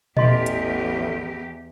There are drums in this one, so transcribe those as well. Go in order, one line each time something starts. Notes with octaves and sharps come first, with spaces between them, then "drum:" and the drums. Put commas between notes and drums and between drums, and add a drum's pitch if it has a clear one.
A1 E2 G4 D#5 C6, drum: tom A#2
drum: hi-hat